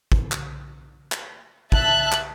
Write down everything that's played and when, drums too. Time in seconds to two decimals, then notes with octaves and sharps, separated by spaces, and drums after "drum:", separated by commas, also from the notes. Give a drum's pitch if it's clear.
0.12 drum: kick
0.32 drum: clap
1.12 drum: clap
1.72 E5 A5 F#6, drum: kick
2.12 drum: clap